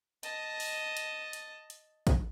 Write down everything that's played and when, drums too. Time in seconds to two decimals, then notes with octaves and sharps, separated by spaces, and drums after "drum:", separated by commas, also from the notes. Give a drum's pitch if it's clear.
0.23 D#5 A5, drum: hi-hat
0.60 drum: open hi-hat
0.97 drum: hi-hat
1.33 drum: hi-hat
1.70 drum: hi-hat
2.07 drum: kick A1, hi-hat